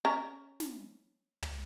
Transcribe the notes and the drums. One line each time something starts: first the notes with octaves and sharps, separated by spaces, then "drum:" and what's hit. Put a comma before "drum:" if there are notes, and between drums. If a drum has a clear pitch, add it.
C#4 A#5
drum: snare
drum: tom